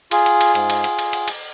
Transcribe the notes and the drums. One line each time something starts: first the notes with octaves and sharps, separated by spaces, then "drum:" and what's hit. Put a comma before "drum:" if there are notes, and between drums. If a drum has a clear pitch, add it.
F4 G#4, drum: cymbal
drum: cymbal
drum: cymbal
G#2, drum: cymbal
drum: cymbal
drum: cymbal
drum: cymbal
drum: cymbal
drum: cymbal